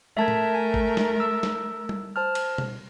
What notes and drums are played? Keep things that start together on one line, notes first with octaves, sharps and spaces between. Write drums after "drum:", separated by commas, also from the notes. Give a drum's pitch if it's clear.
A3 A#4 E5 A5 G#6
drum: tom A2
G#5
drum: kick G#1
drum: snare
E6
drum: snare
drum: tom G3
C5 A5 F6
drum: cymbal
drum: tom B2